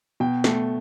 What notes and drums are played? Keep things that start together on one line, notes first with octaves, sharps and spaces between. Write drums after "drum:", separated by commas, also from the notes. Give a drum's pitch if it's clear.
B2 G5
A3, drum: snare